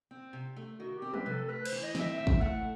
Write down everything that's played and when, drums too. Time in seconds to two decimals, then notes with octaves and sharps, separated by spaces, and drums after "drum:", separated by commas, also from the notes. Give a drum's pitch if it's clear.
0.11 C4
0.33 C3
0.56 A3
0.79 D#3 F#4
0.97 G4
1.02 C4
1.14 B4, drum: tom F3
1.26 C3 A4
1.49 A3 B4
1.66 C5, drum: cymbal
1.72 E3
1.83 D#5
1.95 C4, drum: snare
2.00 E5
2.18 A2 E5
2.27 drum: kick
2.41 A3 F#5